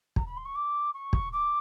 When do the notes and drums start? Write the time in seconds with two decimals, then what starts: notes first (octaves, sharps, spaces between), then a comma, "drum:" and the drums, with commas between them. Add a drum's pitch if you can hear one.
0.16 A#5, drum: kick
0.26 B5
0.36 C6
0.45 C#6
0.55 D6
0.94 C#6
1.13 drum: kick
1.32 D6